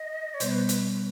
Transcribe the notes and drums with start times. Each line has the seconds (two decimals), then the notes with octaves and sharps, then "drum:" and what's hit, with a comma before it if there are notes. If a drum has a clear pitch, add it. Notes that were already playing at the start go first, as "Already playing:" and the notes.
Already playing: D#5
0.34 C#5
0.40 B2 G3 B3 C5, drum: hi-hat
0.51 B4
0.69 drum: hi-hat